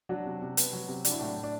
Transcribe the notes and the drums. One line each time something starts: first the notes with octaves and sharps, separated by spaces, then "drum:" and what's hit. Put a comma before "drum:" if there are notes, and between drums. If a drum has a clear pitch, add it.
F#3 D4 F#4
C3
C3
B3, drum: hi-hat
F#3
C3
F#3 D4, drum: hi-hat
E4
A2 D4
A2
D4